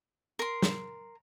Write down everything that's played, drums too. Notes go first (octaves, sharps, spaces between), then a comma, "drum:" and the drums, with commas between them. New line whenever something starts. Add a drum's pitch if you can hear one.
A#4 C6
drum: snare